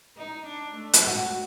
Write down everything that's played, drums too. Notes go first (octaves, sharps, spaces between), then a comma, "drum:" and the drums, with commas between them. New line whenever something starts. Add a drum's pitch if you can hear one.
D#4
D4
A3
drum: hi-hat
F#4